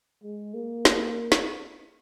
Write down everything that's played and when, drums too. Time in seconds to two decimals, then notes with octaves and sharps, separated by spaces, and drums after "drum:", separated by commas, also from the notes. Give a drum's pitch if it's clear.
0.23 G#3
0.54 A#3
0.85 drum: snare
1.32 drum: snare